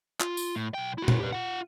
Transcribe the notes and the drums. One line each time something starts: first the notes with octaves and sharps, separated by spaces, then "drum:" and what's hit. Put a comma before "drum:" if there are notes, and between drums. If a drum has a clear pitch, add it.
F4, drum: clap
drum: tambourine
A2
B1 G5
E4 F#4
drum: tom A#2
G4 B4
F4 F#5